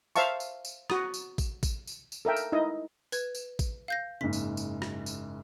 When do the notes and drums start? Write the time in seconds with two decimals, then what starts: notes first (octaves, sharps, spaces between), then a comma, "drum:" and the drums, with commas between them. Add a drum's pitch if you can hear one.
0.16 C5 E5 F5 A5 C#6, drum: tambourine
0.40 drum: tambourine
0.65 drum: tambourine
0.90 F#4 D#6, drum: rim click
1.14 drum: tambourine
1.38 drum: kick A1, tambourine
1.63 drum: kick A1, tambourine
1.87 drum: tambourine
2.12 drum: tambourine
2.25 A4 A#4 E5 G5
2.36 drum: tambourine
2.52 D#4 E4 D#5
3.12 B4 G#6, drum: tambourine
3.35 drum: tambourine
3.59 drum: kick A1, tambourine
3.88 F5 G6 A#6
4.21 F#1 G#2 B6
4.33 drum: tambourine
4.57 drum: tambourine
4.82 drum: rim click
5.06 drum: tambourine